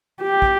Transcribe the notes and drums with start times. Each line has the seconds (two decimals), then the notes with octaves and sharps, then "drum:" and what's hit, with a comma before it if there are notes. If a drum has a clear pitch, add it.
0.22 G4
0.42 drum: kick